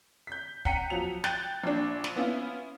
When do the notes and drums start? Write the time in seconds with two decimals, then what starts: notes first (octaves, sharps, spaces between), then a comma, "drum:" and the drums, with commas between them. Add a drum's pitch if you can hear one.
0.27 G6 B6
0.65 F#5 G5 A#5 B6 C#7 D#7, drum: kick
0.90 F3 F#3 F7
1.24 G5 F#6 G6 A6, drum: snare
1.64 A#1 D4
2.04 drum: snare
2.16 B3 C#4 E4 F4